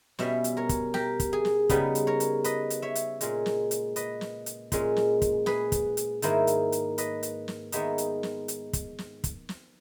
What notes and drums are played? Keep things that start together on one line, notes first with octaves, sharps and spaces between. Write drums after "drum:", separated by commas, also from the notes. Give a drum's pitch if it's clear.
B2 G3 C#4 C#5 E5, drum: snare
drum: hi-hat
A#4 C#5
drum: kick, hi-hat
G4 A#4, drum: snare
drum: kick, hi-hat
G#4
drum: snare
C#3 G3 B3 D#4, drum: kick, hi-hat
drum: hi-hat
A#4 C#5
drum: hi-hat
B4 D#5, drum: hi-hat
drum: hi-hat
C#5 E5
drum: hi-hat
A#2 G#3 C#4, drum: hi-hat
drum: snare
drum: hi-hat
B4 D#5, drum: hi-hat
drum: snare
drum: hi-hat
A#2 G#3 C#4, drum: kick, hi-hat
drum: snare
drum: kick, hi-hat
G#4 B4, drum: snare
drum: kick, hi-hat
drum: hi-hat
G#2 D#3 A#3 E4, drum: hi-hat
drum: hi-hat
drum: hi-hat
B4 D#5, drum: hi-hat
drum: hi-hat
drum: snare
D#3 G#3 B3 D#4 C#5 E5, drum: hi-hat
drum: hi-hat
drum: snare
drum: hi-hat
drum: kick, hi-hat
drum: snare
drum: kick, hi-hat
drum: snare